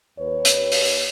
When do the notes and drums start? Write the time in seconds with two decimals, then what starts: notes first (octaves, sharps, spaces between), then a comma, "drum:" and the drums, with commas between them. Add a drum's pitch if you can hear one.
0.18 D#2 B4 C#5
0.45 drum: hi-hat
0.72 drum: open hi-hat